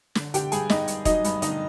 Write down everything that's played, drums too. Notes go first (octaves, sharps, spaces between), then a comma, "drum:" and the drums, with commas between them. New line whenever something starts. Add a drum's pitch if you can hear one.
D3, drum: snare
D3 G4 G5, drum: hi-hat
G2 G#4 G#5, drum: hi-hat
G2 D#4 D#5, drum: snare
G2, drum: hi-hat
F#3 D#4 D#5, drum: kick E1, hi-hat
G2, drum: hi-hat
D3 D#4 D#5, drum: hi-hat